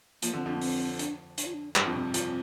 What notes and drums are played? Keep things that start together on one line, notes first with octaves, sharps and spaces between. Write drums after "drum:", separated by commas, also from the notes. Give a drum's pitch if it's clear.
F3 A#3, drum: hi-hat
D3 C4
F2 F3 D4
A#3
C4, drum: open hi-hat
D4, drum: hi-hat
D4, drum: hi-hat
F4
D4
G2 G3 D4, drum: clap
F2 F3
C3
F2 F3 C4, drum: hi-hat